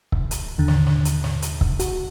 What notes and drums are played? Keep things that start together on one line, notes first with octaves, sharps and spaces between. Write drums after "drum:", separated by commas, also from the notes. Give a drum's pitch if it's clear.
drum: kick C#1
drum: hi-hat
D#2 D3
drum: snare
drum: snare
drum: hi-hat
drum: snare
drum: hi-hat
drum: kick C#1
F#4, drum: hi-hat